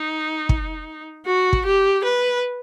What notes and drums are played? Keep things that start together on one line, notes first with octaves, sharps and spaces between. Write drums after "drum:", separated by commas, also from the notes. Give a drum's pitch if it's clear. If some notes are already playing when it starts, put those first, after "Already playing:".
Already playing: D#4
drum: kick
F#4
drum: kick
G4
B4